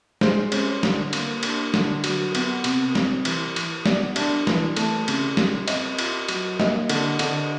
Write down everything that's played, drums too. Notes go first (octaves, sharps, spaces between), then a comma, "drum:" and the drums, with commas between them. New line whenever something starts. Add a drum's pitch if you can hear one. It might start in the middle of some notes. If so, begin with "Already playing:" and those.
G#3 C5, drum: snare
C#4, drum: cymbal
D3, drum: snare
A#3, drum: cymbal
D4, drum: cymbal
D3, drum: snare
F#3, drum: cymbal
B3, drum: cymbal
C3, drum: cymbal
C4, drum: snare
E3, drum: cymbal
E3, drum: cymbal
B3 D5, drum: snare
D4, drum: cymbal
E3, drum: snare
A3, drum: cymbal
C#3, drum: cymbal
C#3, drum: snare
C4 D#5, drum: cymbal
F4, drum: cymbal
F#3, drum: cymbal
A#3 D#5, drum: snare
D3, drum: cymbal
D3, drum: cymbal